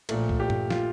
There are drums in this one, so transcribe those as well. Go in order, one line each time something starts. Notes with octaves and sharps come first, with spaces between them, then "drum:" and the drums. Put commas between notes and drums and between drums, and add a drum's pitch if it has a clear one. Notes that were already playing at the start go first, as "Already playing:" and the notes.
A#1 A#2 A3, drum: cymbal
drum: kick C2
G4
drum: tom G2
F4, drum: snare